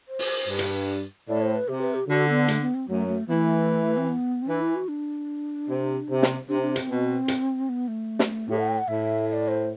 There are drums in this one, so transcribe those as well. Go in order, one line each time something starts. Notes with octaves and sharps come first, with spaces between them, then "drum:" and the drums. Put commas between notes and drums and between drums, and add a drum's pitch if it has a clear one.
C5
drum: open hi-hat
G2
drum: hi-hat
A2 D5
C5
B4
C3 G4
B4
G4
D3 F#4
B3
A3, drum: hi-hat
B3
C4
F#2 F#3 A3
A3
E3 A3 B3
C4
B3
C4
E3 D4
E4
F#4
D4
C3
C3
drum: snare
C3 D4
D4
C4, drum: hi-hat
B2
drum: hi-hat
B3
A3
drum: snare
A2 G4
F#5
G5
F#5
A2 E5
E5
D5
C5